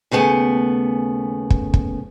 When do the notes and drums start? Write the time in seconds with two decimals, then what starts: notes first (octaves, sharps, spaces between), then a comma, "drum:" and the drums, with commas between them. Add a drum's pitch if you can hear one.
0.11 D#2 C#3 A3 B3 G#5
1.50 drum: kick
1.74 drum: kick